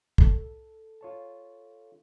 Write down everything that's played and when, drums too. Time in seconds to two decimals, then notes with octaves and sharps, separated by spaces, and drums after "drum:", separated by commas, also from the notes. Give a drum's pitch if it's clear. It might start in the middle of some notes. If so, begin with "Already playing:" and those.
0.18 A4, drum: kick
1.01 F4 C#5 A5